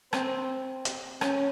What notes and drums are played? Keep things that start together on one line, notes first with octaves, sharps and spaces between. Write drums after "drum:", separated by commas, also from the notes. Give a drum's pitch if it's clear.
C4, drum: rim click
drum: hi-hat
C#4, drum: rim click